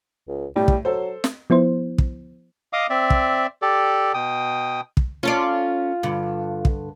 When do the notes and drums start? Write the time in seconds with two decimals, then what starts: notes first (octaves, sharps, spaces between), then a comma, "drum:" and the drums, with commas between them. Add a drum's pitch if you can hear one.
0.28 C#2
0.56 A2 G3
0.68 drum: kick
0.85 F#3 A4 C5
1.24 drum: snare
1.50 F3 B3 E4 C5
1.98 drum: kick
2.73 D#5 F5 D6 D#6
2.90 C4 D5 E5
3.10 drum: kick
3.62 G4 A4 D5
4.14 B2 G5 D#6
4.97 drum: kick
5.23 C#4 F4 A4 D5
6.03 G2 D3
6.65 drum: kick